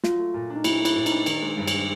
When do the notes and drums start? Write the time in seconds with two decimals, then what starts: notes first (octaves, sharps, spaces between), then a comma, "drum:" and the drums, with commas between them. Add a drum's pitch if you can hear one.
0.04 F#3 F4, drum: snare
0.19 A3
0.34 A#2
0.50 D4
0.56 D#4
0.64 F#3 E4, drum: cymbal
0.80 A3
0.85 E4, drum: cymbal
0.96 A#2
1.06 D#4, drum: cymbal
1.11 D4
1.26 D#3, drum: cymbal
1.42 G#3
1.57 G2
1.68 drum: cymbal